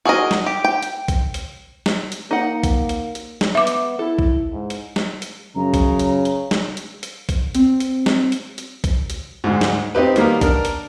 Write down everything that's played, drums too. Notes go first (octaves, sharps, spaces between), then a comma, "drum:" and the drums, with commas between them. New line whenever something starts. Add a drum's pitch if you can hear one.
F#4 G#4 A#4 D#5
drum: snare
G4
G5
drum: hi-hat
drum: kick A#1, hi-hat
drum: hi-hat
drum: snare
drum: hi-hat
A#3 D#4 F#5
drum: kick A#1, hi-hat
drum: hi-hat
drum: hi-hat
drum: snare
B3 E5 D6
drum: hi-hat
E4 A4
drum: kick A#1
G#2
drum: hi-hat
drum: snare
drum: hi-hat
F#2 C#3 A#5
drum: kick A#1, hi-hat
drum: hi-hat
drum: hi-hat
drum: snare
drum: hi-hat
drum: hi-hat
drum: kick A#1, hi-hat
C4, drum: hi-hat
drum: hi-hat
drum: snare
drum: hi-hat
drum: hi-hat
drum: kick A#1, hi-hat
drum: hi-hat
D2 G#2
drum: snare
C4 D#4 G4 B4
D#3 G3 A#3 B3 A#4, drum: hi-hat
D4 A#4, drum: kick A#1, hi-hat
drum: hi-hat